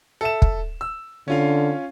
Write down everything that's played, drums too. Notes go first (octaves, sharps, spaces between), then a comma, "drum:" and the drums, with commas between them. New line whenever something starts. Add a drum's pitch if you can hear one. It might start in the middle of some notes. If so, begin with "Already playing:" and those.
A4 E5 E7
drum: kick
E6
D3 C#4 F4 F5